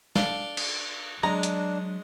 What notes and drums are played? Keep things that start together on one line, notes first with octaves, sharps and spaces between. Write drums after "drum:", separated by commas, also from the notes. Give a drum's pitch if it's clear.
D4 A4 F5, drum: snare
drum: cymbal
F#3 G#3 D4 A#5
drum: hi-hat